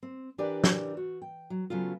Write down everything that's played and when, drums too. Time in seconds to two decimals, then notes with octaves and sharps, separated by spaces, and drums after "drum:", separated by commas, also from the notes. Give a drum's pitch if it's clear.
0.03 C4
0.38 E3 D4 G4 A#4 B4 D5
0.64 drum: snare
0.97 F#4
1.22 G5
1.50 F#3
1.70 C#3 F#3 A3 B3 F4